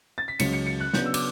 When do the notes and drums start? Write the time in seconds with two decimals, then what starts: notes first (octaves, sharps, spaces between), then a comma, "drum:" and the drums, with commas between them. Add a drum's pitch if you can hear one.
0.18 A6
0.28 B6
0.39 C#2 C#3 F#3 C#7, drum: cymbal
0.53 C#7
0.66 C#7
0.80 F#6
0.93 C#3 F#3 B3 D4 G6, drum: snare
1.06 E6
1.14 D6, drum: cymbal